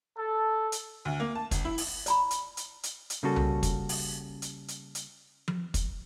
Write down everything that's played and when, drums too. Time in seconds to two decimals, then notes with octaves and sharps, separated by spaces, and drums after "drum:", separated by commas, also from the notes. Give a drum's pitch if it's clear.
0.18 A4
0.72 drum: hi-hat
1.05 D2
1.20 A#3
1.35 A5
1.51 G1, drum: kick, hi-hat
1.65 E4
1.78 drum: open hi-hat
2.06 D5 A#5 B5, drum: hi-hat
2.31 drum: hi-hat
2.57 drum: hi-hat
2.83 drum: hi-hat
3.10 drum: hi-hat
3.23 C#3 G3 A#3 C#4 F#4 A4
3.36 drum: tom C2
3.63 drum: kick, hi-hat
3.89 drum: open hi-hat
4.42 drum: hi-hat
4.68 drum: hi-hat
4.95 drum: hi-hat
5.48 drum: tom F3
5.74 drum: kick, hi-hat